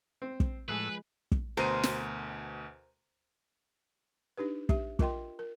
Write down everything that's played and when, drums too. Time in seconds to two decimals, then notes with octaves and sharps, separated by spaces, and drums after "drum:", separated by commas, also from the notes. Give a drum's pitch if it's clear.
0.22 C4
0.40 drum: kick
0.69 A2 F3 G#3 G#4 B4 E6 F#6
1.32 drum: kick
1.57 D2 B2 A#4 C5 D#7
1.83 drum: snare
4.37 D4 D#4 G4 B4
4.69 G4 E5, drum: kick
4.99 F4 A#4 D#5 G5 C6, drum: kick
5.39 A#4